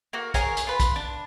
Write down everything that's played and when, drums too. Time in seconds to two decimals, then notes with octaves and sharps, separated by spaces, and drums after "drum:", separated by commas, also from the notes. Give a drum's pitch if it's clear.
0.13 A#3 F#4
0.34 G#4 A#4 C#5 G#5, drum: kick, hi-hat
0.57 drum: hi-hat
0.67 F4 B4
0.80 drum: kick, hi-hat
0.96 D4